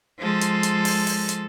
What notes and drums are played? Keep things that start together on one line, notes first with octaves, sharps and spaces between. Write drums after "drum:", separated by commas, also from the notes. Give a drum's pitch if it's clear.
F3 G#3 A4
drum: hi-hat
drum: hi-hat
drum: open hi-hat
drum: open hi-hat
drum: hi-hat